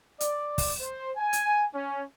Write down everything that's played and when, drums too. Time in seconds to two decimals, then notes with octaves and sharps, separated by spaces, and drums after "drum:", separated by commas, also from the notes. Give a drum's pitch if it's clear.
0.20 D5, drum: hi-hat
0.58 drum: kick, open hi-hat
0.81 C5
1.17 G#5
1.33 drum: hi-hat
1.74 C#4